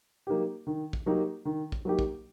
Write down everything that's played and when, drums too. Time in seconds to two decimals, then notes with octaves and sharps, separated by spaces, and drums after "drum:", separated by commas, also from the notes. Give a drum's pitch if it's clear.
0.27 F#3 A#3 D#4 G4
0.67 D#3
0.93 drum: kick
1.06 F#3 A#3 D#4 G4
1.45 D#3
1.72 drum: kick
1.85 F#3 A#3 D#4 G4
1.99 drum: kick